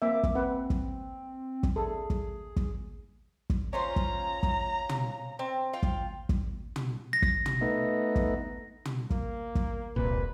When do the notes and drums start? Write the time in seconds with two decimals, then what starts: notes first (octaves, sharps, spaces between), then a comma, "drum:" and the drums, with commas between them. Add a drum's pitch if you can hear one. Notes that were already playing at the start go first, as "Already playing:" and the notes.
0.02 A#3 C4 E5 D6
0.23 drum: kick
0.35 C4 B4 F#5
0.70 drum: kick
1.63 drum: kick
1.76 G#4 A4
2.10 drum: kick
2.56 drum: kick
3.50 drum: kick
3.73 C#4 F4 C5 A#5
3.96 drum: kick
4.43 drum: kick
4.89 drum: tom
5.39 C4
5.73 F4 G5
5.83 drum: kick
6.29 drum: kick
6.76 drum: tom
7.13 A#6
7.22 drum: kick
7.46 drum: tom
7.61 A3 B3 D#4
8.16 drum: kick
8.85 drum: tom
9.10 A#3, drum: kick
9.55 drum: kick
9.96 E1 C2 A#2 B4